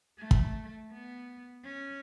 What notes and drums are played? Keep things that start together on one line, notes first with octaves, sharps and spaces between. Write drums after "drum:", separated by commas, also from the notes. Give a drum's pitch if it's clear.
A3
drum: kick
B3
C#4